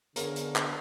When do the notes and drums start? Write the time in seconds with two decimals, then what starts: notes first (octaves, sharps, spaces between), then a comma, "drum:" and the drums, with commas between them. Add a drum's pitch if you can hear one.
0.16 D3 B3 G#4 A#4 C#5, drum: hi-hat
0.36 drum: hi-hat
0.56 drum: clap